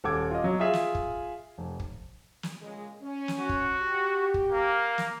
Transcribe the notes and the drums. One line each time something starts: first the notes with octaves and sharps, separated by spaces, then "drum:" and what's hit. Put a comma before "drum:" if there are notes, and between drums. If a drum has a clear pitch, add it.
D#1 A4 F#5 D6 G#6
F4 D#5
F#3
F4 G#4 E5 G#5
drum: snare
drum: kick
F1
drum: kick
drum: snare
A#2 C#3 G#3
C#4
drum: snare
F#4
drum: kick
G4
drum: kick
A#3
drum: snare